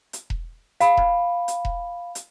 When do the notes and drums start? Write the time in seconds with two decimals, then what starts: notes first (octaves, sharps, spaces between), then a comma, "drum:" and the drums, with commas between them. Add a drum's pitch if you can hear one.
0.13 drum: hi-hat
0.30 drum: kick E1
0.81 F5 B5, drum: hi-hat
0.97 drum: kick E1
1.48 drum: hi-hat
1.65 drum: kick E1
2.15 drum: hi-hat